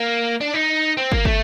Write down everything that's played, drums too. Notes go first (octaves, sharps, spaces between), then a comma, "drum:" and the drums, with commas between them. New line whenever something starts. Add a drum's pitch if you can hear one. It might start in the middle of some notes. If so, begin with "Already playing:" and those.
Already playing: A#3
D4
D#4
C4
A#3, drum: kick
A3, drum: kick